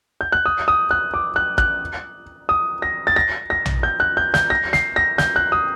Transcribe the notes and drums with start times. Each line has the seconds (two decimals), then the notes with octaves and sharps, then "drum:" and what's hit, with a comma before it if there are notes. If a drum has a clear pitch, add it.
0.21 G6
0.32 F#6
0.46 D#6
0.68 D#6
0.91 F#6
1.14 D6
1.36 F#6
1.58 F#6, drum: kick
2.49 D#6
2.82 A#6
3.07 A6
3.16 A#6
3.50 A#6
3.66 drum: tom A#1
3.83 G6
4.00 F#6
4.17 G6
4.34 G6, drum: snare
4.50 A#6
4.73 C7, drum: snare
4.96 A#6
5.18 G6, drum: snare
5.36 F#6
5.52 D#6